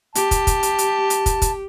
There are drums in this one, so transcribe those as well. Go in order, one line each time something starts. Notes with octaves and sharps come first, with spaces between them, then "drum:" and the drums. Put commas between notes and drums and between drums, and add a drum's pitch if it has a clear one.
G4 A5, drum: hi-hat
drum: kick, hi-hat
drum: kick, hi-hat
drum: hi-hat
drum: hi-hat
drum: hi-hat
drum: kick, hi-hat
drum: kick, hi-hat